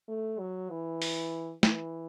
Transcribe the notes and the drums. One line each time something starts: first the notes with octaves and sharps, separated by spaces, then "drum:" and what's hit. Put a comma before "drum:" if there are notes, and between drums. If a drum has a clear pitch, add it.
A3
F#3
E3
drum: open hi-hat
E3, drum: snare